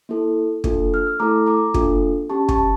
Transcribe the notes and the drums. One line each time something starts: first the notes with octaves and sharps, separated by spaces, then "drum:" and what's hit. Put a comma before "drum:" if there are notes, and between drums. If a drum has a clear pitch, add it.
A#3 E4 A4
A#3 D4 F4 A4, drum: kick
F6
E6
A3 E4 A4 A#5 D6
A#5 D6
A#3 D4 F4 A4, drum: kick
C#4 G4 A5 C#6
A5 C#6, drum: kick